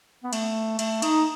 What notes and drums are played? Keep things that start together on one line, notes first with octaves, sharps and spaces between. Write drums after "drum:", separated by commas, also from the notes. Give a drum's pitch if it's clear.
B3
A3, drum: cymbal
A3, drum: cymbal
D#4, drum: cymbal